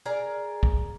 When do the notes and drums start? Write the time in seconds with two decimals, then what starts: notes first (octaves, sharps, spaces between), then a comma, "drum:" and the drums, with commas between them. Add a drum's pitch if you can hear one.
0.05 G#4 A#4 D5 A#5
0.63 drum: kick